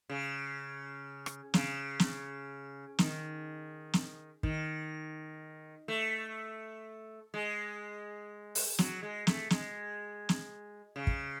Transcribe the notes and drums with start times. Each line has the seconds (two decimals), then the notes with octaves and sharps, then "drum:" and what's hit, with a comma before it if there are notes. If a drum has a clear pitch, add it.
0.09 C#3
1.26 drum: rim click
1.54 C#3, drum: snare
2.00 drum: snare
2.99 D#3, drum: snare
3.93 drum: snare
4.43 D#3, drum: kick
5.88 A3
7.34 G#3
8.55 drum: open hi-hat
8.79 F#3, drum: snare
9.03 G#3
9.27 A3, drum: snare
9.50 G#3, drum: snare
10.29 drum: snare
10.96 C#3
11.07 drum: kick